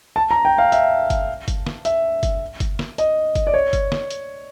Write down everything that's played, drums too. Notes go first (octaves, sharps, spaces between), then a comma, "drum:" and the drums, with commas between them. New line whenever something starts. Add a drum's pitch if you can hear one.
A5
A#5
G5
F5
E5, drum: hi-hat
drum: kick G1, hi-hat
drum: kick G1, hi-hat
drum: snare
E5, drum: hi-hat
drum: kick G1, hi-hat
drum: kick G1, hi-hat
drum: snare
D#5, drum: hi-hat
drum: kick G1, hi-hat
D5
C#5
drum: kick G1, hi-hat
drum: snare
drum: hi-hat